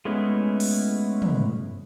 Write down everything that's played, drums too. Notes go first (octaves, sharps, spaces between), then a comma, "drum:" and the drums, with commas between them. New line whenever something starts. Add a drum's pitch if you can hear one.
G#3 A3 B3 C#4 E4
drum: open hi-hat
drum: tom